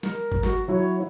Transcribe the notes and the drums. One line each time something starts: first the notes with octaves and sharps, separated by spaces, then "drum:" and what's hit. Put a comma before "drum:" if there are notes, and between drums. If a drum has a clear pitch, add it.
A#4, drum: snare
drum: kick G#1
F#4, drum: snare
F#3 E4 F#4 C#5